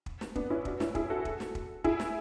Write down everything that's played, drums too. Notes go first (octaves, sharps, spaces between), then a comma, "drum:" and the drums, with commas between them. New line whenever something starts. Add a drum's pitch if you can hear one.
drum: kick
drum: snare
B3 D4, drum: kick
C#4 E4
D4 F#4, drum: kick
C#4 E4, drum: snare
E4 G#4, drum: kick
F#4 A4
drum: kick
drum: snare
drum: kick
E4 G#4, drum: kick
drum: snare